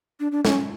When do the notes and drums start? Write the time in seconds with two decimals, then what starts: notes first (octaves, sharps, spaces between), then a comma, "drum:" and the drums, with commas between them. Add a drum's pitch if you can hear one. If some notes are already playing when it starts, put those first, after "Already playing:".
0.20 D4
0.32 D4
0.45 C#4, drum: snare